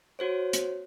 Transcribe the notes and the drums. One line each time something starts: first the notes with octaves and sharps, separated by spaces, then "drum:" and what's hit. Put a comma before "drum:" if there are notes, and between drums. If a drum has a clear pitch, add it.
F#4 C5 C#5
drum: hi-hat